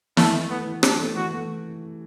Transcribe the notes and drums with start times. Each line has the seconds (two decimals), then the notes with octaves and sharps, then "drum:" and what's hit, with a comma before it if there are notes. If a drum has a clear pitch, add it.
0.17 E3 A3, drum: snare
0.33 E4
0.50 A3 B3
0.67 E3
0.83 D4 E4, drum: rim click
0.99 A3
1.16 E3 F#4
1.33 A3